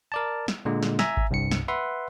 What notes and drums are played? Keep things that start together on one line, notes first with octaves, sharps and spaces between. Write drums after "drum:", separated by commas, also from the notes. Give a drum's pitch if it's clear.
A#4 D5 A5
drum: snare
A#2 D3 G#3
drum: snare
E5 G#5 A#5, drum: snare
drum: kick G#1
C2 G2 C#7
drum: snare
B4 E5 F#5 C6